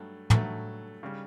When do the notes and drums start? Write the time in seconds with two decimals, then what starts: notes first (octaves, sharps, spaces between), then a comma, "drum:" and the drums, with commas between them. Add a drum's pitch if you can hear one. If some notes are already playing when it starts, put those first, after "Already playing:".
Already playing: G2 F#3 A3
0.30 G2 F#3 A3, drum: tom A2
1.03 C#3 G3